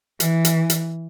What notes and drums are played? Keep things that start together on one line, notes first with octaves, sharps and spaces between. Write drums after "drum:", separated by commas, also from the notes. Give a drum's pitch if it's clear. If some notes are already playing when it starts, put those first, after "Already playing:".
E3, drum: hi-hat
drum: hi-hat
drum: hi-hat